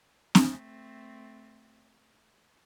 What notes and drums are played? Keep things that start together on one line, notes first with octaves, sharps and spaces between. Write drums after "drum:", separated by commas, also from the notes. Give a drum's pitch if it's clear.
A3 C4, drum: snare